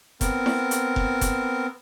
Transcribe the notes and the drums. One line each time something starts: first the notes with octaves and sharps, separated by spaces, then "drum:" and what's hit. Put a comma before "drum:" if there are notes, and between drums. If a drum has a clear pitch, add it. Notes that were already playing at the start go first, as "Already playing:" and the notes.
B3 C4 A#4, drum: kick F1, hi-hat
drum: snare E4
drum: hi-hat
drum: kick F1
drum: kick F1, hi-hat